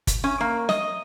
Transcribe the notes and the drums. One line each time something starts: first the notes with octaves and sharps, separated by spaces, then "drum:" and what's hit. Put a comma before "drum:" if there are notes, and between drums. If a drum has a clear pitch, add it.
drum: kick, hi-hat
C#4
A#3
D#5, drum: snare